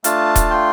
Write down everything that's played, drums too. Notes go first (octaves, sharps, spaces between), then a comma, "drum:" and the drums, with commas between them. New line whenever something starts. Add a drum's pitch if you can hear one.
A3 D4 F4 F5 A5, drum: hi-hat
drum: kick D#1, hi-hat
G5 C6